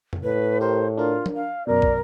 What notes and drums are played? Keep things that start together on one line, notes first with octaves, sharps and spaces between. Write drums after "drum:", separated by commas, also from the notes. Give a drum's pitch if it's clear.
drum: tom F2
A2 B4
G4 A#4 C5
D4 F4 A#4
drum: tom
F5
F#2 B2 A#4 D5
drum: kick